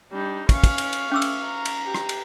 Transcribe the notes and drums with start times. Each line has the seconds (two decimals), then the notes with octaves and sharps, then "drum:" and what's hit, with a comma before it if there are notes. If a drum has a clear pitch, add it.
0.12 G3 D4 D#4
0.49 C#4 F5 C#6, drum: kick, cymbal
0.64 drum: kick, cymbal
0.78 drum: cymbal
0.93 drum: cymbal
1.12 A3 C#4 D6 E6
1.22 drum: cymbal
1.44 A#5
1.65 drum: cymbal
1.85 G4
1.95 drum: rim click
2.09 drum: cymbal